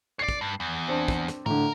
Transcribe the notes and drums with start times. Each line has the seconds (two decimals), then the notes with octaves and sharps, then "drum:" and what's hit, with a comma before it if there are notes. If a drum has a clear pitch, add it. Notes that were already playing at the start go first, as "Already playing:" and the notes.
0.19 C#5 D5 C7
0.29 drum: kick
0.41 G2
0.60 E2
0.88 C4 D4
1.08 drum: kick
1.28 drum: snare
1.46 A2 D3 A#4